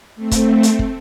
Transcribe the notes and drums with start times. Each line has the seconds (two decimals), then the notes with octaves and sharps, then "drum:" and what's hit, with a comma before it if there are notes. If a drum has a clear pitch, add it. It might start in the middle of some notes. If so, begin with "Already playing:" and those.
0.16 A3 C4
0.31 drum: kick, hi-hat
0.63 drum: hi-hat
0.79 drum: kick